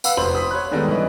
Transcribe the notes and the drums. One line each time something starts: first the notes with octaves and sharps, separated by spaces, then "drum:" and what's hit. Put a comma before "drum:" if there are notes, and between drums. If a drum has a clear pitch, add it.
B4 F5 F#5 E6, drum: tambourine
F1 F3 B4 C5 C6 F#7
D#6 B6
C#5 B5 F#6
D3 D#3 G3 G#3 B3 D4
E3 C#4 B4 D#5